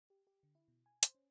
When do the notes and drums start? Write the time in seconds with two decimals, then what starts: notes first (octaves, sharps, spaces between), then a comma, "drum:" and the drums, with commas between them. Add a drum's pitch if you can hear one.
0.10 G4
0.27 G4
0.43 D3
0.55 E4
0.68 B2
0.86 G#5
1.03 C5, drum: hi-hat
1.15 C#4